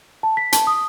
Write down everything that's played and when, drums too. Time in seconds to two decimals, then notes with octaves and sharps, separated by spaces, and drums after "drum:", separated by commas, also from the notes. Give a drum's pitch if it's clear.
0.23 A5
0.37 B6
0.52 A5, drum: hi-hat
0.67 D#6